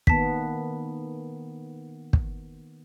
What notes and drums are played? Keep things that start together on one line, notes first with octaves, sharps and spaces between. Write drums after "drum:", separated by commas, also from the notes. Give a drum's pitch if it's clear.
D#3 A#3 B3 A5 B6, drum: kick
drum: kick